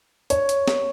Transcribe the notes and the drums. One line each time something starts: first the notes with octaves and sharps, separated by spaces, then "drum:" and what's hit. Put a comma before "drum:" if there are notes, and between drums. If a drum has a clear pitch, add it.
C#5, drum: hi-hat
drum: hi-hat
drum: snare